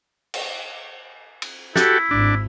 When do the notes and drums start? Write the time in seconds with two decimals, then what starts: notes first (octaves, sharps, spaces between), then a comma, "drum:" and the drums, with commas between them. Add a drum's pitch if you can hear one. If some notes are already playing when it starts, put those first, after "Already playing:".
0.34 drum: cymbal
1.42 drum: cymbal
1.76 E4 F#4 G4 A4, drum: snare
2.11 G#1 D4